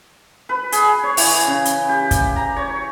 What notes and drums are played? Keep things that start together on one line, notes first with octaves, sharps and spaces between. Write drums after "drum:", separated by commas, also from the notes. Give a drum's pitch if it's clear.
B4
G#4, drum: hi-hat
C#5
E3, drum: open hi-hat
C#3
drum: hi-hat
G4
drum: kick, hi-hat
A#5
C#5